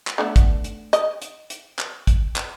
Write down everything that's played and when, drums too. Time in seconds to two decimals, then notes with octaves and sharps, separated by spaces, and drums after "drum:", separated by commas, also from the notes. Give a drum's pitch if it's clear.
0.07 drum: clap
0.18 D3 A3 B3
0.36 drum: kick, hi-hat
0.64 drum: hi-hat
0.93 D#5, drum: hi-hat
1.22 drum: hi-hat
1.50 drum: hi-hat
1.79 drum: clap
2.07 drum: kick, hi-hat
2.36 drum: clap